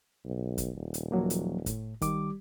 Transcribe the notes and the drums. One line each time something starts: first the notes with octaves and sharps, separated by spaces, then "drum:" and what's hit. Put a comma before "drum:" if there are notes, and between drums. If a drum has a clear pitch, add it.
B1
drum: kick, hi-hat
D#1
drum: hi-hat
F3 F#3 A#3
drum: hi-hat
A2, drum: kick, hi-hat
D#3 G3 D6, drum: kick, hi-hat